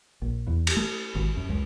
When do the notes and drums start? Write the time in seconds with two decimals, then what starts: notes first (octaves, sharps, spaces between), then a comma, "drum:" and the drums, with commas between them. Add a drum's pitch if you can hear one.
0.22 A#1
0.47 E2
0.67 drum: cymbal
0.77 A3
1.15 G#1
1.37 F#2
1.49 C#2